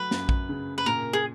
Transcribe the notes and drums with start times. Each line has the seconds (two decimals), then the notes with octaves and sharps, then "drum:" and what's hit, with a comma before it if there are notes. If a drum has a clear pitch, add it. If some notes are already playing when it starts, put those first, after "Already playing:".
Already playing: F#3 A3 B4
0.11 F#2, drum: snare
0.29 drum: kick A#1
0.49 C#3
0.78 B4
0.86 A#2 A#4
1.13 G#4